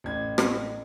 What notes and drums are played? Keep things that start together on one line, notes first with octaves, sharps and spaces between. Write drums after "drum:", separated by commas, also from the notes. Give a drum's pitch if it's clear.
A1 G#6
drum: rim click